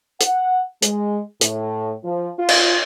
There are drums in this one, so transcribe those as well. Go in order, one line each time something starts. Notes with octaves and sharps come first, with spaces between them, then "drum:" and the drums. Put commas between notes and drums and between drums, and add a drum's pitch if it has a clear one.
F#5, drum: hi-hat
G#3, drum: hi-hat
A2, drum: hi-hat
F3
F4
drum: cymbal